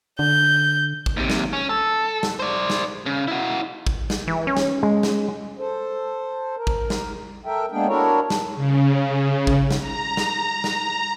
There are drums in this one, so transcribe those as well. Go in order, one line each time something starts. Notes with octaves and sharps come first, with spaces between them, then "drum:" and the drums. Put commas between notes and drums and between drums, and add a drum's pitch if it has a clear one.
D3 G6
drum: kick
D#2 C3
drum: snare
C#4
A4
drum: snare
C5 D5
drum: snare
C#3
E4 F#4
drum: kick
drum: snare
E3
C#4
drum: snare
G#3
drum: snare
A4 C5
A#4
drum: kick
drum: snare
A4 A#4 E5 G5
G#3 A#3 B3 D4 G#4 G5
D4 E4 F#4 A4 A#4 C#5
drum: snare
C#3
drum: kick
drum: snare
A#5
drum: snare
drum: snare